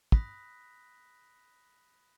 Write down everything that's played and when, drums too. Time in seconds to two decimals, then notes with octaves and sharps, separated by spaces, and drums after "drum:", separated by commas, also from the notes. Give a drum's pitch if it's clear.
0.12 B5 D#6 F#6 A#6 B6, drum: kick